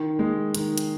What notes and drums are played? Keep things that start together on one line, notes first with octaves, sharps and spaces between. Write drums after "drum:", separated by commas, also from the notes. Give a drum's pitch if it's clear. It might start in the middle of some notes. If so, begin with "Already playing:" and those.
Already playing: D#3
G#3
D#3, drum: hi-hat
drum: hi-hat